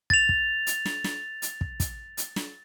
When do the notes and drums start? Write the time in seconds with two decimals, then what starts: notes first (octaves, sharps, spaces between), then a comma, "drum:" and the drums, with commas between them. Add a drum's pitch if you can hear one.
0.10 A6 F7, drum: kick
0.29 drum: kick
0.67 drum: hi-hat
0.85 drum: snare
1.04 drum: snare
1.42 drum: hi-hat
1.61 drum: kick
1.80 drum: kick, hi-hat
2.17 drum: hi-hat
2.36 drum: snare